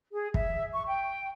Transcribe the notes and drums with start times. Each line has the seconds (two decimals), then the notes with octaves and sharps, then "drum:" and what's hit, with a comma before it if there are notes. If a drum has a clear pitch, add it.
0.12 G#4
0.34 E5, drum: kick
0.73 C#6
0.86 G5